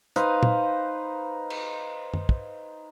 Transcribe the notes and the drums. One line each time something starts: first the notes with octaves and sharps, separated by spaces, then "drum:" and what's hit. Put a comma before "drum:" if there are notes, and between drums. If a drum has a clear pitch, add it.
D#4 B4 C5 F5, drum: hi-hat
drum: tom
drum: cymbal
drum: tom F#2
drum: kick